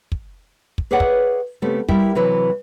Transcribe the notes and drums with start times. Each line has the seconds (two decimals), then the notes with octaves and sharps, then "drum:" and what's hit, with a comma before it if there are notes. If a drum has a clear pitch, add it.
0.12 drum: kick
0.78 drum: kick
0.91 G#4 B4 C#5 D5 E5 F#5
1.00 drum: kick
1.62 C#3 A3 B3 C4 G4
1.89 G3 E4 G4 A#4 E5 G5, drum: kick
2.15 C3 E3 F#3 B4